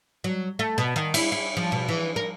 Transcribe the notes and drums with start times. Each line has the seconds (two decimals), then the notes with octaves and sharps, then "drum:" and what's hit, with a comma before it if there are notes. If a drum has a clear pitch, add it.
0.24 F#3
0.59 A3
0.78 B2
0.96 D#3
1.14 E4, drum: cymbal
1.32 E4
1.57 F3
1.72 B2
1.89 E3
2.16 A#4